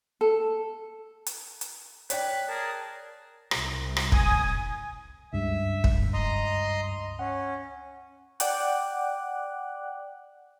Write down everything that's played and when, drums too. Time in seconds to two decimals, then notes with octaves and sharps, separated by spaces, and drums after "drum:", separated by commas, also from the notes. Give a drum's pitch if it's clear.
0.21 A4
1.26 drum: hi-hat
1.61 drum: hi-hat
2.10 B4 C#5 D5 G5, drum: hi-hat
2.48 G#4 A#4 A5
3.51 C2, drum: rim click
3.97 drum: rim click
4.12 G#5 D#6, drum: kick
5.33 C#2 G2 E5
5.84 drum: kick
6.14 D#5 A#5 C6
7.19 C#4 F#5
8.40 D5 F#5 G5 D6 F#6, drum: hi-hat